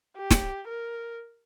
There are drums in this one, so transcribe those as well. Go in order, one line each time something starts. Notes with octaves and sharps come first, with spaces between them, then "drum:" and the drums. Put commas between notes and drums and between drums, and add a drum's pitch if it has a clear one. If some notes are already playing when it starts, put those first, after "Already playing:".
G4
drum: snare
A#4